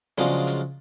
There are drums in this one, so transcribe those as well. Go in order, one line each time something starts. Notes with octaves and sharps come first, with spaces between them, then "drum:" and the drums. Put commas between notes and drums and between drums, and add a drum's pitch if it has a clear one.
C#3 F3 F#3 G#3 D4 F4, drum: snare
drum: hi-hat